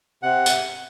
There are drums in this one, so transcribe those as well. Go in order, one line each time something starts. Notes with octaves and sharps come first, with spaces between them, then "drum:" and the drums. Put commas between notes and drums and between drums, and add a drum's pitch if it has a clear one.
C3 F#5
drum: tambourine